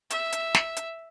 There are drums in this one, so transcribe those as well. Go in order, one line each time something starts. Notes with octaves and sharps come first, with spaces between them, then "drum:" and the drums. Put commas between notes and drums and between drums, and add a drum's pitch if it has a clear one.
E5, drum: hi-hat
drum: hi-hat
drum: snare
drum: hi-hat